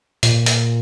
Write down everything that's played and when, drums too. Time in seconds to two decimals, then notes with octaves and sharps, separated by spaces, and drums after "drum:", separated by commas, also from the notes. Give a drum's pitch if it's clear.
0.23 A#2, drum: hi-hat
0.46 drum: hi-hat